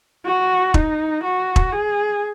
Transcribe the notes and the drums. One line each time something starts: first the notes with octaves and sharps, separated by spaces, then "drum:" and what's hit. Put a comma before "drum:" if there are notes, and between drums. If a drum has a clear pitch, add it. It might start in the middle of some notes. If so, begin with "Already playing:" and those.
F#4
D#4, drum: kick E1
F#4
drum: kick E1
G#4